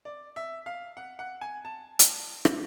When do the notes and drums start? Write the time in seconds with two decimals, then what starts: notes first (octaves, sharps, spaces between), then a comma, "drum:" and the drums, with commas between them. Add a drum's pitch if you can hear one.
0.05 D5
0.36 E5
0.66 F5
0.97 F#5
1.19 F#5
1.41 G#5
1.65 A5
1.99 drum: hi-hat
2.45 drum: rim click